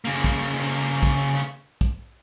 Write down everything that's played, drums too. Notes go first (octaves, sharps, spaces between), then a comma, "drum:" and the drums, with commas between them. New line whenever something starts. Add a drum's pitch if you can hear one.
C#3 A#3
drum: kick, hi-hat
drum: hi-hat
drum: kick, hi-hat
drum: hi-hat
drum: kick, hi-hat